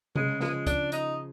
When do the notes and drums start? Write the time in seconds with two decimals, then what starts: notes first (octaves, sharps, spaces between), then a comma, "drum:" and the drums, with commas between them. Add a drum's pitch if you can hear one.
0.15 C#3 G#3, drum: tom C3
0.40 F3 G#3, drum: snare B4
0.67 D4, drum: kick, hi-hat
0.92 D#4, drum: hi-hat